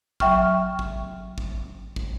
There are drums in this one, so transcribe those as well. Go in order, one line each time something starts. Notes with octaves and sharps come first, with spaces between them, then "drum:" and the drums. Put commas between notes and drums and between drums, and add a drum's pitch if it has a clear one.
F#3 E5 G5 C#6 F6, drum: kick
drum: kick
drum: kick
drum: kick